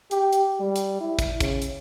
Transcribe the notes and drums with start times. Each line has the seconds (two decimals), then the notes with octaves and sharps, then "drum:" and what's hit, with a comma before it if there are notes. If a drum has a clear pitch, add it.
0.11 G4, drum: hi-hat
0.33 drum: hi-hat
0.60 G3
0.76 drum: hi-hat
1.00 E4
1.19 drum: kick, hi-hat
1.40 C#3, drum: kick, hi-hat
1.62 drum: hi-hat